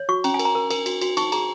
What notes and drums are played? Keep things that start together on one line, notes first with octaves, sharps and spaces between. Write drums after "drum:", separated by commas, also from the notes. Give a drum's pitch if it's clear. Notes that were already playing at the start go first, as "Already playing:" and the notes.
Already playing: C#5
F#4 C#6
C#4 A#5, drum: cymbal
G#5
A#4, drum: cymbal
A#5
A#4
A#4, drum: cymbal
F#4, drum: cymbal
F#4, drum: cymbal
D#4 C#6, drum: cymbal
G#4 A#5, drum: cymbal